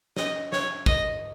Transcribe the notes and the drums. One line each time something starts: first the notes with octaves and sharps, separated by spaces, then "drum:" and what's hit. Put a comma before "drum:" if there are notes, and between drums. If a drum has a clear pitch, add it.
D#5, drum: snare
C#5, drum: snare
D#5, drum: kick